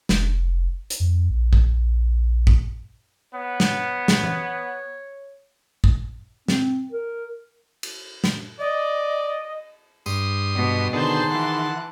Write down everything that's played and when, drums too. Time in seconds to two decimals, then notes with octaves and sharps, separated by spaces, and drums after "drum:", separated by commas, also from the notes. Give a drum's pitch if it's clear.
0.09 F1, drum: snare
0.90 drum: hi-hat
1.00 F2
1.29 A#1
1.53 drum: kick
2.47 drum: kick
3.34 B3 C#5
3.60 drum: snare
4.08 drum: snare
4.24 drum: tom E3
5.84 drum: kick
6.48 C4, drum: snare
6.92 A#4
7.83 drum: cymbal
8.24 drum: snare
8.60 D5 D#5
10.06 G2 C6 D#6, drum: tambourine
10.55 B2
10.93 B2 D3 D#3 G#4 C5 A5 C6
11.30 E3 F#5